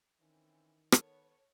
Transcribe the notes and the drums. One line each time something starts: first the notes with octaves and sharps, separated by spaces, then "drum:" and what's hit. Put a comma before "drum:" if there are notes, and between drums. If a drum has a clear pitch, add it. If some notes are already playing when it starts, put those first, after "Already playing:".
D#3 E3 C4 C#4
B3 A4 A#4 C#5, drum: rim click